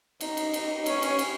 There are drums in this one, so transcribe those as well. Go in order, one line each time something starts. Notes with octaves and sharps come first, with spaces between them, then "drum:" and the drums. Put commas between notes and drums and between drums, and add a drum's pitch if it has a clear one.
D#4, drum: cymbal
drum: cymbal
D#4, drum: cymbal
C#4, drum: cymbal
drum: cymbal
drum: cymbal